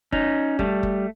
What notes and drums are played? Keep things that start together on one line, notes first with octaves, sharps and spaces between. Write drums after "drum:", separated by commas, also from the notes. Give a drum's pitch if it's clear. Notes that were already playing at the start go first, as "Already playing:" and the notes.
C#4 D#4, drum: kick F#1
G3 A3, drum: kick F#1
drum: kick F#1